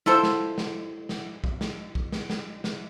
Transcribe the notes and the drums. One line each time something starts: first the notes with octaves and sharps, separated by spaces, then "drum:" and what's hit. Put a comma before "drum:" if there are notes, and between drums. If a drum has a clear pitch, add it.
E4 F4 A4 C5, drum: snare
drum: snare
drum: snare
drum: snare
drum: kick A#1
drum: snare
drum: kick A#1
drum: snare
drum: snare
drum: snare